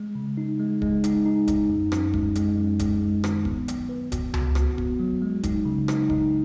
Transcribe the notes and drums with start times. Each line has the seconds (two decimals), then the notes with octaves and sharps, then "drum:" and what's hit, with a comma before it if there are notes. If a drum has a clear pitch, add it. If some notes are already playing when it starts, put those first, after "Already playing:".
Already playing: G#3
0.15 C#3
0.37 D#4
0.59 G#3
0.82 G#3, drum: kick D#1
1.04 D#4, drum: hi-hat
1.26 D#4
1.48 D#4, drum: kick D#1, hi-hat
1.69 F#2
1.92 F#2, drum: rim click
2.13 G#3, drum: kick D#1
2.35 G#3, drum: hi-hat
2.57 F#2
2.79 G#3, drum: kick D#1, hi-hat
3.01 G#3
3.24 D#3, drum: rim click
3.45 B3, drum: kick D#1
3.68 F#3, drum: hi-hat
3.89 B4
4.12 F#4, drum: kick D#1, hi-hat
4.34 F#4, drum: tom C#2
4.55 F#4, drum: rim click
4.78 B3, drum: kick D#1
5.00 F#3
5.22 G#3
5.43 D#4, drum: kick D#1, hi-hat
5.65 C#3
5.88 D#4, drum: rim click
6.10 D#4, drum: kick D#1